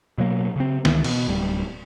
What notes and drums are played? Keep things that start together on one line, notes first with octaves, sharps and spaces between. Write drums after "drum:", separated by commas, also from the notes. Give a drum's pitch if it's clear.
B2 F#3 A#3
C#3 C4
C#2 D#3 E3, drum: snare
B2, drum: cymbal
D1 G3